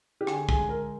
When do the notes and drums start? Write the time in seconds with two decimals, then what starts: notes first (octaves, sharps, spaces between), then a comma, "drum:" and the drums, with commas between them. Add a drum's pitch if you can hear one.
0.21 G4
0.27 D3 G#4, drum: rim click
0.49 G#4, drum: kick
0.58 G#3
0.69 A#4